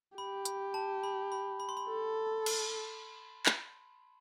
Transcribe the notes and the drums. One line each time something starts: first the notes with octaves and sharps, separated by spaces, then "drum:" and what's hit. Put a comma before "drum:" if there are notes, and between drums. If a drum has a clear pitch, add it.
G4 B5
B5, drum: hi-hat
A5
B5
B5
B5
C6
B5
A4
drum: cymbal
drum: clap